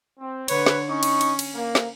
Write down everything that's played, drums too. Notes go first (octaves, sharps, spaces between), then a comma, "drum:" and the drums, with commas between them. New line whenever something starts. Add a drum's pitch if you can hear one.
C4
D3 B4 C#5, drum: cymbal
drum: snare
C#4 D#4 C#6
drum: cymbal
drum: cymbal
drum: cymbal
A#3
drum: snare